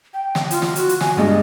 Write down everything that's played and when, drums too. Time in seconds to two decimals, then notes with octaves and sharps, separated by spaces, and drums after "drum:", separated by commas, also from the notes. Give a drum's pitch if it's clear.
0.14 G5
0.35 drum: snare
0.51 F4, drum: hi-hat
0.62 drum: snare
0.76 F#4, drum: hi-hat
0.89 drum: hi-hat
1.01 G#5, drum: snare
1.17 G2 G#3 D#5